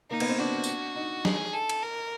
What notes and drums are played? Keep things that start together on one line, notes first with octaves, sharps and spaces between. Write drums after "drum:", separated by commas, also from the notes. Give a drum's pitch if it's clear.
A#3 D#4
B3, drum: cymbal
C4
D4 F#4
drum: tambourine
D#4
G#4, drum: snare
A4
drum: cymbal
A#4